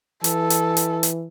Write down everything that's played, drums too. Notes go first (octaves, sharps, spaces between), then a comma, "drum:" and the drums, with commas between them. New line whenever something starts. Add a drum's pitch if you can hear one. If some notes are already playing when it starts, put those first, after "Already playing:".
E3 A4, drum: hi-hat
drum: hi-hat
drum: hi-hat
drum: hi-hat